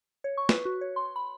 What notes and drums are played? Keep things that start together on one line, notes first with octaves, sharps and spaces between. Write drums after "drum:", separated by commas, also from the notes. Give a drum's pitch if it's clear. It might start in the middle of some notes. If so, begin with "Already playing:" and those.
C#5
C#6
B4, drum: snare
F#4
C#5
C6
B5